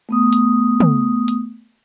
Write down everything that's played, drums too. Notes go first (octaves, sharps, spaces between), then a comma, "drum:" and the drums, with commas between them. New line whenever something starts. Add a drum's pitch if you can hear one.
A3 B3 D#6
drum: hi-hat
drum: tom
drum: hi-hat